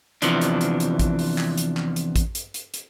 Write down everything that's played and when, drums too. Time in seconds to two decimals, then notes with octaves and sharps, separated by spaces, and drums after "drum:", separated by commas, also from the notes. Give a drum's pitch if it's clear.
0.22 E2 C3 E3 F3 D4, drum: hi-hat
0.41 drum: hi-hat
0.61 drum: hi-hat
0.80 drum: hi-hat
0.99 drum: kick A1, hi-hat
1.19 drum: open hi-hat
1.38 drum: clap
1.58 drum: hi-hat
1.77 drum: clap
1.96 drum: hi-hat
2.16 drum: kick A1, hi-hat
2.35 drum: hi-hat
2.54 drum: hi-hat
2.74 drum: hi-hat